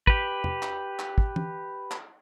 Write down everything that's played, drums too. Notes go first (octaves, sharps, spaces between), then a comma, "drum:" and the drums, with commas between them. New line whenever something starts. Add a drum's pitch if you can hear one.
G4 B4, drum: kick
drum: tom E2
drum: clap
drum: clap
drum: kick
drum: tom E3
drum: clap